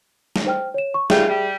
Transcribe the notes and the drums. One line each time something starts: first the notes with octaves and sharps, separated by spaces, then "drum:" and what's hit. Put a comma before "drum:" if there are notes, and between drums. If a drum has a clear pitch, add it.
drum: snare
C5 G5 F6
C#5 E7
C#6
C#3 G3 F4 G#4 E5, drum: snare
G3